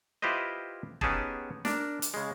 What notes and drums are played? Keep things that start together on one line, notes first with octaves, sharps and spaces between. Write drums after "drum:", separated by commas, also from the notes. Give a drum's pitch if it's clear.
E4 F4 G4 B4 C5 D#5
B3 C#4 D#4 G4 G#4 A5, drum: kick
D4 A#4, drum: snare
drum: hi-hat
C#3 G#3